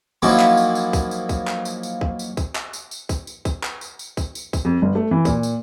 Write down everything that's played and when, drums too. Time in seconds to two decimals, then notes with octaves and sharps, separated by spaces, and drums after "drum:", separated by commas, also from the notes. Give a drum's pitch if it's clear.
0.22 F3 F#3 A#3 C#4 D#4 E4
0.39 drum: clap
0.57 drum: tambourine
0.75 drum: tambourine
0.93 drum: kick, tambourine
1.11 drum: tambourine
1.29 drum: kick, tambourine
1.47 drum: clap
1.65 drum: tambourine
1.83 drum: tambourine
2.01 drum: kick
2.19 drum: tambourine
2.37 drum: kick, tambourine
2.55 drum: clap
2.73 drum: tambourine
2.91 drum: tambourine
3.09 drum: kick, tambourine
3.27 drum: tambourine
3.45 drum: kick, tambourine
3.63 drum: clap
3.81 drum: tambourine
3.99 drum: tambourine
4.17 drum: kick, tambourine
4.35 drum: tambourine
4.53 drum: kick, tambourine
4.65 F2
4.82 G1
4.95 A3
5.11 E3
5.25 A#2, drum: kick, tambourine
5.43 drum: tambourine